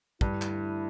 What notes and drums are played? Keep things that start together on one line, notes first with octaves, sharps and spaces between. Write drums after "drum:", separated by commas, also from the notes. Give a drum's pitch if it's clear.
G2 D3 A3 E4, drum: kick
drum: clap